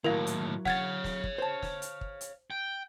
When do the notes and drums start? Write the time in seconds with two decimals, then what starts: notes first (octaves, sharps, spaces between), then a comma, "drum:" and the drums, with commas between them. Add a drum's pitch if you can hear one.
0.04 D#2 A2 F#3 E4 A#4 F5
0.27 drum: hi-hat
0.65 C#5 F5 F#5 G#6 A6, drum: snare
1.04 drum: snare
1.24 drum: kick
1.38 C5 A5
1.62 drum: snare
1.82 drum: hi-hat
2.01 drum: kick
2.21 drum: hi-hat
2.51 G5